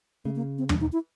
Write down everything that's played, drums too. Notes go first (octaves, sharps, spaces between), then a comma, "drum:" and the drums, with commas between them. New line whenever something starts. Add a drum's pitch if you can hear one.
C#3 A3
A#3
C4
D4, drum: tom
D#4
E4